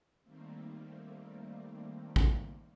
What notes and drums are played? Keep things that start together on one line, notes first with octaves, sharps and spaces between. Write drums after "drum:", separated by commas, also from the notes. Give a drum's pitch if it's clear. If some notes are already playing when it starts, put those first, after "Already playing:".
D#3 G3 A3 A#3 C4
drum: kick